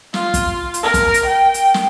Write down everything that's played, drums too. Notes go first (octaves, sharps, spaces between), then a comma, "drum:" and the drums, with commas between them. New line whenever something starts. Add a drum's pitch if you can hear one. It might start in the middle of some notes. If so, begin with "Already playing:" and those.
F4, drum: snare
drum: kick, hi-hat
drum: hi-hat
A#4
drum: kick, hi-hat
drum: hi-hat
G5
drum: hi-hat
drum: snare